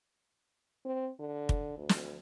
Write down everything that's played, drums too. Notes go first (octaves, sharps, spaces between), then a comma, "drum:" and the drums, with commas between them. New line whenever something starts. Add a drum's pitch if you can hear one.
C4
D3
drum: kick
D2
drum: snare